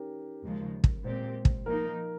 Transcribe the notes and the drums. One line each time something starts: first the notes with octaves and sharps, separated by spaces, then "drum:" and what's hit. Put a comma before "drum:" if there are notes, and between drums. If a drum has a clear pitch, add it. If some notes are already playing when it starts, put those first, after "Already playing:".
Already playing: C#4 D#4 G4 A#4
D#2 C#3 F3 G#3
drum: kick
A#2 G#3 C4 G4 C5
drum: kick
F3 A#3 D#4 A#4